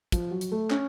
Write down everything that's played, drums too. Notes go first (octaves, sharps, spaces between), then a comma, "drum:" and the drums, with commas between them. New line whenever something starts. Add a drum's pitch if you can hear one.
F3, drum: kick, hi-hat
F#3
drum: hi-hat
A3
C#4, drum: clap